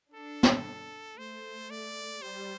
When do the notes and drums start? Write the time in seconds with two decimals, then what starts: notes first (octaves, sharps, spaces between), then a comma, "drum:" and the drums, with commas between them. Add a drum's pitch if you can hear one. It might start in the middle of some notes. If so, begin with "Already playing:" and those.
0.14 D4 A4
0.43 drum: snare
1.18 A3 C5
1.70 D5
2.22 G3 C5